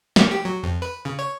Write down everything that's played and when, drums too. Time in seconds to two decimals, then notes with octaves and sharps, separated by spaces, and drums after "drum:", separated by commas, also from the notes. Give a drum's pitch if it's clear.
0.16 A#3, drum: snare
0.31 G4
0.45 F#3
0.63 F2
0.82 B4
1.05 C#3
1.19 C#5